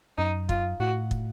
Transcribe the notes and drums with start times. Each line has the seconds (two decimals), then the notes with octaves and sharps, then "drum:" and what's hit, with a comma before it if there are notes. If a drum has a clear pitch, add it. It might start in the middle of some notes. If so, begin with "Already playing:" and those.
0.18 F#2 D#4
0.49 F4, drum: kick
0.80 A2 F#4
1.11 drum: kick